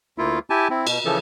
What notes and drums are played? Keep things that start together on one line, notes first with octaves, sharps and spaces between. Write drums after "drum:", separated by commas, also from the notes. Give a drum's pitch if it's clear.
D2 A#3 E4 F4
E4 G4 G#5 A5
C4 E4
B2, drum: cymbal
C#3 E3 F3 A4